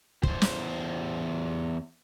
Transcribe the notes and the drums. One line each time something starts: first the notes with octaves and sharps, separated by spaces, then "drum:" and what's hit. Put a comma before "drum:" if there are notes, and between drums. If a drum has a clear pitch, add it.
E2 C5, drum: kick
drum: snare